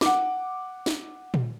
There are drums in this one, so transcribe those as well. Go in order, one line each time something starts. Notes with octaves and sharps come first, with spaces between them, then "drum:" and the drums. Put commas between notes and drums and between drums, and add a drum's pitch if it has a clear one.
F#5 D6, drum: snare
drum: snare
drum: tom A#2